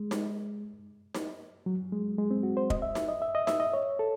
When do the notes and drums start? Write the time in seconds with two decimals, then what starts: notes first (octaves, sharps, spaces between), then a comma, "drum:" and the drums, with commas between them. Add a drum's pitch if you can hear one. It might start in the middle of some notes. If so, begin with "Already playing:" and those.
Already playing: G#3
0.11 drum: snare D#4
1.14 drum: snare D#4
1.66 F#3
1.92 G#3
2.18 G#3
2.31 C4
2.43 F#4
2.57 C5
2.70 D#5, drum: kick
2.82 E5
2.95 drum: snare D#4
3.09 D#5
3.22 E5
3.35 D#5
3.47 E5, drum: snare D#4
3.60 D#5
3.73 C#5
3.99 A4